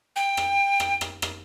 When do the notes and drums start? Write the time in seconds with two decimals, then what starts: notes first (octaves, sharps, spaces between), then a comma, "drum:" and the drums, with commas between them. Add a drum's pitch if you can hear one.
0.16 G5
0.37 drum: rim click
0.80 drum: rim click
1.01 drum: rim click
1.22 drum: rim click